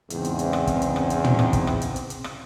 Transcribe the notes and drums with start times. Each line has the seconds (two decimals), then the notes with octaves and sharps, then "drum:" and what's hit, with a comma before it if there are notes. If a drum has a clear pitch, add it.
0.10 E2 G#2 C#3 C4, drum: hi-hat
0.25 drum: hi-hat
0.39 drum: hi-hat
0.53 drum: rim click
0.67 drum: kick, hi-hat
0.82 drum: hi-hat
0.96 drum: rim click
1.10 drum: hi-hat
1.24 drum: tom
1.39 drum: rim click
1.53 drum: kick, hi-hat
1.67 drum: rim click
1.82 drum: hi-hat
1.96 drum: hi-hat
2.10 drum: hi-hat
2.24 drum: rim click